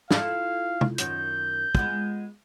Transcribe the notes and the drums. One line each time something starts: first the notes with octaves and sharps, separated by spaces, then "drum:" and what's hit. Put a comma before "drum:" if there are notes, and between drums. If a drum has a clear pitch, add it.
E4 F4 A4 F5, drum: snare
drum: tom
F#2 D#3 G6, drum: hi-hat
G#3 B3 F4, drum: kick